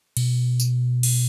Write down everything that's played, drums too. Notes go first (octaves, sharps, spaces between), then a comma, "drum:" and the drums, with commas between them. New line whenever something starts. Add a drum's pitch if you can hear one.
B2, drum: cymbal
drum: tambourine
drum: cymbal